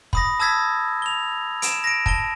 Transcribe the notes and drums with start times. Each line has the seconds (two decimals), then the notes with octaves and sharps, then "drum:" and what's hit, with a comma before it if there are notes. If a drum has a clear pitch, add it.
0.13 B5 D#6 A#6, drum: kick
0.40 A5 D#6 E6 G#6 A6 B6
1.02 F7 G7
1.62 D7 E7, drum: hi-hat
1.84 A#6 D7
2.06 A5 D7 G7, drum: kick